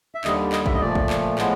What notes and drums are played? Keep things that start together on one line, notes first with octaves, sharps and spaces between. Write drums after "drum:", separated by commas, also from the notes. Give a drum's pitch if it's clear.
E5
D#2 D3 G3 D#5, drum: clap
D#5, drum: clap
E5, drum: kick
D#5
A#2 F3 A3 D5
drum: kick
drum: clap
A2 F3 G#3 B3, drum: clap